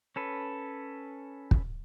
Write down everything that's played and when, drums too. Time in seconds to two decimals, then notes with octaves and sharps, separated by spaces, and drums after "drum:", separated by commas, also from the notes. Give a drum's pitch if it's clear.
0.16 C#4 A4 B4
1.51 drum: kick